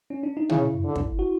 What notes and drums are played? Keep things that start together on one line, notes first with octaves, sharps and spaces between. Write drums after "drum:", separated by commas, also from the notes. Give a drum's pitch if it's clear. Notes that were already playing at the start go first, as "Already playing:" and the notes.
C#4
D4
D#4
C#3 E4, drum: tom
D3
drum: kick
F#4